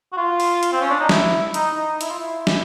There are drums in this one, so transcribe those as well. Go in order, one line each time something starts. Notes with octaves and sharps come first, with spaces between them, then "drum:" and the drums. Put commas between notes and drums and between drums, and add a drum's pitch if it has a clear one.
F#4
F4
drum: open hi-hat
drum: hi-hat
C4
C#4
D4
D#4
E4, drum: snare
D#4, drum: hi-hat
D#4
E4, drum: hi-hat
F4
E4
drum: snare